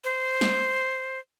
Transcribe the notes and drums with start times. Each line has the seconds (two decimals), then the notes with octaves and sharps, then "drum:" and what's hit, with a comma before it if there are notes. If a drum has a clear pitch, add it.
0.04 C5
0.41 drum: snare